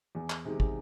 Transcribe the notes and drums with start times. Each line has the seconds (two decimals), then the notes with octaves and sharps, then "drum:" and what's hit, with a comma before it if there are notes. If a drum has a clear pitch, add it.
0.15 E2
0.30 drum: clap
0.45 C3 D#3 G#3
0.60 drum: kick